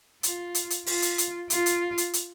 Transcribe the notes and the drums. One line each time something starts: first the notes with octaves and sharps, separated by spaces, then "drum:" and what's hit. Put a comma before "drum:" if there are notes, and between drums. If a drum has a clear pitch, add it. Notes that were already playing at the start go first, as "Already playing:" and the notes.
F4, drum: hi-hat
drum: hi-hat
drum: hi-hat
F4, drum: open hi-hat
drum: hi-hat
drum: hi-hat
F4, drum: hi-hat
drum: hi-hat
drum: hi-hat
drum: hi-hat